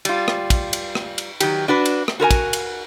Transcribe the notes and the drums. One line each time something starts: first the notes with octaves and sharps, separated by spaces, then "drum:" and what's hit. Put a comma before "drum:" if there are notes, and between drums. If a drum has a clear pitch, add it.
G3 F4, drum: cymbal
drum: rim click
drum: kick, cymbal
drum: cymbal
drum: rim click
drum: cymbal
D#3 F#3 G4, drum: cymbal
D4 F#4 B4
drum: cymbal
drum: rim click
F#4 A#4 B4 G#5
drum: kick, cymbal
drum: cymbal